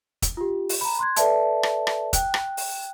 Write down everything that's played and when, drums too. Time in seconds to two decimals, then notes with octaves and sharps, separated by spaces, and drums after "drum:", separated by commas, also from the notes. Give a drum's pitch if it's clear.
0.22 drum: kick, hi-hat
0.37 F4 G4
0.69 drum: open hi-hat
0.81 A#5 B5
0.99 C6 F#6 G#6
1.16 A4 B4 D5 E5 A5, drum: hi-hat
1.63 drum: rim click
1.87 drum: rim click
2.13 G5 F#6, drum: kick, hi-hat
2.34 drum: rim click
2.57 drum: open hi-hat